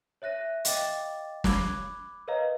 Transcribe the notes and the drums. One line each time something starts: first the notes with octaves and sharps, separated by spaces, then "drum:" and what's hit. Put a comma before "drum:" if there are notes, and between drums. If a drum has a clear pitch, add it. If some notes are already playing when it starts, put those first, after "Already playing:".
C#5 E5 F#6 A#6 D#7
D#5 F5 G5 D6 A6, drum: hi-hat
B5 D6 F#6 G#6, drum: snare
A#4 B4 C#5 D#5 F5 A#5